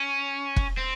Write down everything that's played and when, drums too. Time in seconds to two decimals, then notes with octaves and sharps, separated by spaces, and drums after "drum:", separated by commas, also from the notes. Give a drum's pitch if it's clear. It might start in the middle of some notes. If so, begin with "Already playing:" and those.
Already playing: C#4
0.56 drum: kick F1
0.77 C4